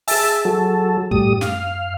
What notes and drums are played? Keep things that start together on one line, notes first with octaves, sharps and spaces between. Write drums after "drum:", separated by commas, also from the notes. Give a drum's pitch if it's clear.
G#4 E5 G#5 A5, drum: open hi-hat
F#3 A4
F#2 A2 G3 D#6, drum: kick
F5, drum: snare